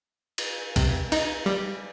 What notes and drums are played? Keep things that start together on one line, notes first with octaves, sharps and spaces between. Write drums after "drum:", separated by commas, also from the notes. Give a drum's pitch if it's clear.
drum: cymbal
C3, drum: kick B1, cymbal
D#4, drum: cymbal
G3